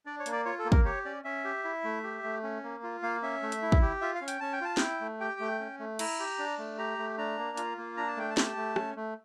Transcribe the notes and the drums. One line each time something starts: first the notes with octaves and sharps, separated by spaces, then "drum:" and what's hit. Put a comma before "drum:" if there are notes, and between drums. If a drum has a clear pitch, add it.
D4 D5
C#5
A#3, drum: hi-hat
D5
F4 C#5
A4
A#3
A#4, drum: kick
G4 C#5
C#4 D5
C#4 E5
G4
E4
A3
G4
A3
C#4
A#3
F4
A#3 F5
C#4 E5
A3
drum: hi-hat
E4
drum: kick
G4
F4 E5
F5
C#4
G5, drum: hi-hat
C#4 A5
G5
F4 A5
E4 G5, drum: snare
A3
G4 G5
A3
C#4
A3
E4 A#5, drum: cymbal
G4
D4
A3
G4 A#5
A3
D4 A#5
A#3
F4, drum: hi-hat
A#3
D4 A#5
A5
A3 G5
A5
G4, drum: snare
A3
C#4, drum: rim click
A3